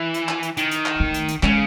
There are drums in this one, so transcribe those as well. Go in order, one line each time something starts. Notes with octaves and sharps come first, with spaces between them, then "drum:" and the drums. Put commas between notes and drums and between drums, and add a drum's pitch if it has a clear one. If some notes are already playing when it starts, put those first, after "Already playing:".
Already playing: E3
drum: hi-hat
drum: clap
drum: hi-hat
D#3, drum: hi-hat
drum: hi-hat
drum: clap
A3
drum: hi-hat
drum: hi-hat
C#3 G#3, drum: clap